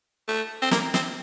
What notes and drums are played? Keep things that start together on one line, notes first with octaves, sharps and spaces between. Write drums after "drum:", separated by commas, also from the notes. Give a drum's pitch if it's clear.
A3
C4
A#3, drum: snare
C4, drum: snare